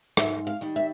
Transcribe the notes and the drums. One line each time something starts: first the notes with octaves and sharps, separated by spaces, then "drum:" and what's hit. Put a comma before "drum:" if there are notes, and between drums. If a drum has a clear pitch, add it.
G#2 E5, drum: rim click
F5
D#3 G3
E5